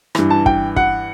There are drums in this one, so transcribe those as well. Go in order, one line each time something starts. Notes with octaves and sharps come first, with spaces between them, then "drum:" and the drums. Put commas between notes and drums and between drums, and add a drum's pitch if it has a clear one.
G2 E3, drum: rim click
A5
G5, drum: kick
F#5, drum: kick